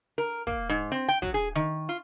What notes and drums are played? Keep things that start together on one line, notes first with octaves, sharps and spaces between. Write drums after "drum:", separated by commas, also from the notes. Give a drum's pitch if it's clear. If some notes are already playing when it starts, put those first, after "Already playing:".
A#4
A#3, drum: kick
G#2
C4
G5
F#3, drum: kick
G#4
D#3
F4